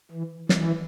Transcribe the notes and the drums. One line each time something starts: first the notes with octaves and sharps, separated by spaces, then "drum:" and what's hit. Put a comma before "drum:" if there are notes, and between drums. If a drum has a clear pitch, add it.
E3
E3, drum: snare